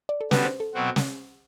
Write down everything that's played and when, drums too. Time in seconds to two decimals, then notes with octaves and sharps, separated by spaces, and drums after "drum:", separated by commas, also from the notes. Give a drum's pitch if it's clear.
0.09 D5
0.21 A4
0.31 D3 G3 B3 F#4 B4, drum: snare
0.45 C5
0.60 A4
0.74 B2 F#3 C4 F#4
0.96 drum: snare